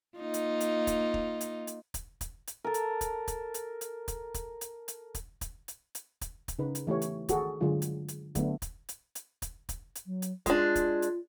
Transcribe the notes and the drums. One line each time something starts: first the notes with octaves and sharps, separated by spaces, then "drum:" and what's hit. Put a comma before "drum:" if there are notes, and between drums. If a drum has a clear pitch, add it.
A#3 D#4 F4
drum: hi-hat
drum: hi-hat
drum: kick, hi-hat
drum: kick
drum: hi-hat
drum: hi-hat
drum: kick, hi-hat
drum: kick, hi-hat
drum: hi-hat
A4 A#4
drum: hi-hat
drum: kick, hi-hat
drum: kick, hi-hat
drum: hi-hat
drum: hi-hat
drum: kick, hi-hat
drum: kick, hi-hat
drum: hi-hat
drum: hi-hat
drum: kick, hi-hat
drum: kick, hi-hat
drum: hi-hat
drum: hi-hat
drum: kick, hi-hat
drum: kick, hi-hat
C#3 D#4 B4
drum: hi-hat
E3 A3 G4 C#5
drum: hi-hat
D#3 F#4 G#4 A4, drum: kick, hi-hat
D3 F#3 G#3 F4 G#4
drum: hi-hat
drum: hi-hat
D3 F#3 A3 B3 D4, drum: kick, hi-hat
drum: kick, hi-hat
drum: hi-hat
drum: hi-hat
drum: kick, hi-hat
drum: kick, hi-hat
drum: hi-hat
F#3
drum: hi-hat
G#3 D4 F4, drum: kick, hi-hat
drum: kick, hi-hat
drum: hi-hat